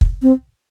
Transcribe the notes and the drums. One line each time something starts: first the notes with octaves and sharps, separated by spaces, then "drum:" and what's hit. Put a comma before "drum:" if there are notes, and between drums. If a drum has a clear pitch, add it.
drum: kick
C4